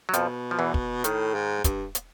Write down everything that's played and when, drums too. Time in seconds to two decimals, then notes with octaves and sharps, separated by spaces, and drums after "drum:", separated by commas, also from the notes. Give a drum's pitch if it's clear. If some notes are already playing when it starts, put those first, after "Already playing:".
0.09 F#3
0.14 F2 B2 F3, drum: hi-hat
0.51 F3
0.59 E2 E3
0.74 drum: kick
1.04 A2 D#3, drum: hi-hat
1.35 G#2
1.64 G2, drum: kick, hi-hat
1.95 drum: hi-hat